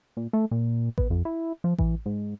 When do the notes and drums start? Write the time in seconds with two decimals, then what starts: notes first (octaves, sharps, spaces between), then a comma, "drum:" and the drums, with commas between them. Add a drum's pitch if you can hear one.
0.17 A#2
0.33 A3
0.51 A#2
0.98 B3, drum: kick A1
1.10 F2
1.25 E4
1.64 F3
1.78 E3, drum: kick A1
2.06 G#2